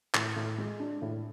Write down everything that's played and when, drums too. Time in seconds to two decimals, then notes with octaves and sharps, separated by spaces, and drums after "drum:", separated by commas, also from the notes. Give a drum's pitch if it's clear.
0.14 A2, drum: clap
0.36 A2
0.58 G#3
0.80 D4
1.02 A2